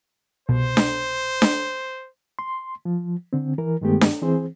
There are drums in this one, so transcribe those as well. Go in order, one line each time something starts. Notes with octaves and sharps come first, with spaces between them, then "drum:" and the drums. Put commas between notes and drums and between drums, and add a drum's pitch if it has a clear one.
C2 B2 C5
drum: snare D4
drum: snare D4
C6
F3
D3 C4
E3 A#4
G2 D#3 G#3 A3 B3 G4
drum: snare D4
E3 C4 G#4 C5